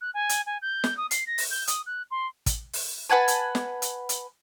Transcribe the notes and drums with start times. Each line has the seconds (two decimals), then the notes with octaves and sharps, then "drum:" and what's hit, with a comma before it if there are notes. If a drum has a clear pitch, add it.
0.01 F#6
0.14 G#5
0.29 drum: hi-hat
0.46 G#5
0.62 G6
0.84 drum: snare
0.97 D#6
1.11 C7, drum: hi-hat
1.27 A#6
1.38 drum: open hi-hat
1.51 G6
1.67 D#6, drum: hi-hat
1.86 F#6
2.11 C6
2.46 drum: kick, hi-hat
2.73 drum: open hi-hat
3.09 B4 F#5 G#5 A5
3.28 drum: hi-hat
3.55 drum: snare
3.82 drum: hi-hat
4.09 drum: hi-hat